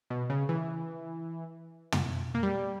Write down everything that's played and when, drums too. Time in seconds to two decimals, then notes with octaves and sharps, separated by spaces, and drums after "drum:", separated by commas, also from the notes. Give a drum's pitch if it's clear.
0.10 B2
0.30 C#3
0.49 E3
1.92 drum: tom
2.35 A#3
2.43 G3